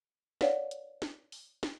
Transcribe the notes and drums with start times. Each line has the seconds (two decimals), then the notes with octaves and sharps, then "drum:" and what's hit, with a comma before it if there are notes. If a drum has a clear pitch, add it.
0.41 B4 C#5 D5 F5 F#5, drum: snare
0.71 drum: hi-hat
1.02 drum: snare
1.32 drum: open hi-hat
1.63 drum: snare